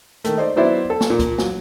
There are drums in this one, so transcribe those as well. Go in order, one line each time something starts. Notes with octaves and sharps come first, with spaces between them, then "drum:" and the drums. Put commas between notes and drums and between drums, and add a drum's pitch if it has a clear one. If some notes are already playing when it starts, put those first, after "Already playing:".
D#3 A3, drum: hi-hat
D#4 C5 D5
F#3 B3 E4 C5 D5 E5
A4
drum: snare
A#2
drum: kick C#2, hi-hat
F#3, drum: snare